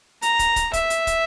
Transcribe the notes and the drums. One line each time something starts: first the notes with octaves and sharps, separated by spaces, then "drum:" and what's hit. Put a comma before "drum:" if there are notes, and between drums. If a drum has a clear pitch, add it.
A#5, drum: hi-hat
drum: kick, hi-hat
drum: kick, hi-hat
E5, drum: kick, hi-hat
drum: hi-hat
drum: kick, hi-hat